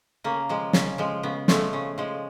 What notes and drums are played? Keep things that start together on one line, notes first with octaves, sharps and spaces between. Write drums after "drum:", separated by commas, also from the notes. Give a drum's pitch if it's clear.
C#3 A#3
F3 G#3
C#3, drum: snare
F3 G#3
C#3 B3
F3 G#3 A3, drum: snare
C#3
F3 G#3